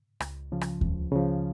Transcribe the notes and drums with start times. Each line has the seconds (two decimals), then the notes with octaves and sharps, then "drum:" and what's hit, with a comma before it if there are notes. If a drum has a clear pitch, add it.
0.20 C#2, drum: rim click
0.52 C#3 F3
0.61 drum: rim click
0.81 C#2, drum: kick D#2
1.12 C#3 F3